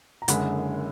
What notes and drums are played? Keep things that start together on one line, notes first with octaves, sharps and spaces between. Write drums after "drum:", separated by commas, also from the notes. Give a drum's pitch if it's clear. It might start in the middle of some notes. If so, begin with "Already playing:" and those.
A#5
F#1 F#2 D3 G#3 B5, drum: hi-hat